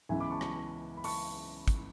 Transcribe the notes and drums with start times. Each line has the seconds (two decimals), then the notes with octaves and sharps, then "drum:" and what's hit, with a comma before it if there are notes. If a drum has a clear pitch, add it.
0.09 C#2 C#3 E3 B3 E5 G#5
0.20 B5 D6
0.30 A5 C#6
0.41 A5 C#6, drum: rim click
0.97 B5
1.04 A5 C#6, drum: open hi-hat
1.68 drum: kick, hi-hat